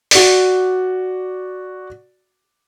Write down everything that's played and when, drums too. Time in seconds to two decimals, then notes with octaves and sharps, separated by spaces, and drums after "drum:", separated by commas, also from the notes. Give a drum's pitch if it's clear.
0.11 F#4 D5, drum: open hi-hat